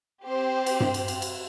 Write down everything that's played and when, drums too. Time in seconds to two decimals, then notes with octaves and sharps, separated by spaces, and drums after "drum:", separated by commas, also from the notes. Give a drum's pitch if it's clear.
0.24 C4 G4 C5
0.66 drum: cymbal
0.80 drum: tom G2
0.94 drum: cymbal
1.08 drum: cymbal
1.22 drum: cymbal